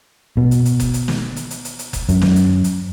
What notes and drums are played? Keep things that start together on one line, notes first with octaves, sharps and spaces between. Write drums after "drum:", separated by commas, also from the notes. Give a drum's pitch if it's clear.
B2
drum: hi-hat
drum: hi-hat
drum: kick F#1, hi-hat
drum: hi-hat
drum: snare
drum: hi-hat
drum: hi-hat
drum: hi-hat
drum: hi-hat
drum: kick F#1, hi-hat
F#2, drum: hi-hat
drum: snare
drum: hi-hat
drum: hi-hat